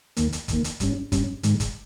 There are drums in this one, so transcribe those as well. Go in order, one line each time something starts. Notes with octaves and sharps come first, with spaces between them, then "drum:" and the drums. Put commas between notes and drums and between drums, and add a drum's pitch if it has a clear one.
D#2 D#3 A#3, drum: hi-hat
drum: hi-hat
D#2 D#3 A#3, drum: kick, hi-hat
drum: hi-hat
G2 G3 C#4, drum: kick, hi-hat
G2 G3 C#4, drum: kick, hi-hat
G#2 D#3 G#3, drum: hi-hat
drum: kick, hi-hat